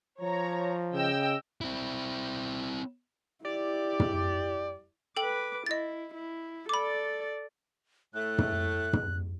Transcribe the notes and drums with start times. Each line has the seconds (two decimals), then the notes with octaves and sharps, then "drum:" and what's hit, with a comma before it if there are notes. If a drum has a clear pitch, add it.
0.21 F3 C#5 A#5
0.94 C#3 D#5 G5 E6
1.61 C4 E4
3.45 E4 G4 D5
4.00 drum: tom
5.17 A4 B4 G5 D6 F#7
5.66 E4 D#5 A6
6.14 E4
6.69 A4 D5 B5 D6
8.14 A2 A3 F#6
8.38 drum: tom
8.93 drum: tom